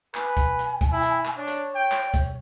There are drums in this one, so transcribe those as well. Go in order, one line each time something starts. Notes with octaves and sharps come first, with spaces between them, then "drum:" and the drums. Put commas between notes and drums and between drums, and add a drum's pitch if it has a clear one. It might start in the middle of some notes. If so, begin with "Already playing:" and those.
B4 G#5, drum: clap
drum: kick, hi-hat
drum: hi-hat
drum: kick, hi-hat
E4
drum: hi-hat
drum: clap
D4 C#5
drum: hi-hat
G5
drum: clap
drum: kick, hi-hat